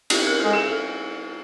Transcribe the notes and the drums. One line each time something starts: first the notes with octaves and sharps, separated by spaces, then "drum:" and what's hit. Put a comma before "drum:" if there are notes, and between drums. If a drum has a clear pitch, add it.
G4, drum: cymbal
A#4
G#3 A4
G#4
A4